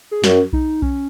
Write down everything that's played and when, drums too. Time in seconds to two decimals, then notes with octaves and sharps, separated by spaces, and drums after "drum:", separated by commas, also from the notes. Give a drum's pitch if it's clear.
0.11 G#4
0.24 F#2 F#4, drum: snare
0.53 D#4, drum: kick B1
0.82 C#4, drum: kick B1